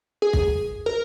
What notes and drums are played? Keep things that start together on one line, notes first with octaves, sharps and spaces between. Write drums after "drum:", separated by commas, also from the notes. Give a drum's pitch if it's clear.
G#4
drum: kick
A#4